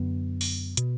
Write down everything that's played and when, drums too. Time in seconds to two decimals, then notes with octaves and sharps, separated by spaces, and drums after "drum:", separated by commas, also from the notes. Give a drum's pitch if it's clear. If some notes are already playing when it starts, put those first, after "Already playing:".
Already playing: F#2 D3 B3
0.41 drum: open hi-hat
0.77 B2, drum: hi-hat